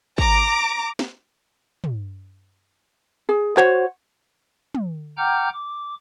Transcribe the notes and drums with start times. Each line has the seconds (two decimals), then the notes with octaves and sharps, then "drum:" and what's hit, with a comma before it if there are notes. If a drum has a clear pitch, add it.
0.18 A#5 D6, drum: kick G#1
0.99 drum: snare
1.84 drum: tom
3.29 G#4
3.57 F#4 C5 C#5 F#5, drum: clap
4.75 drum: tom
5.18 F#5 G5 A#5 D6 F6 G6
5.53 D6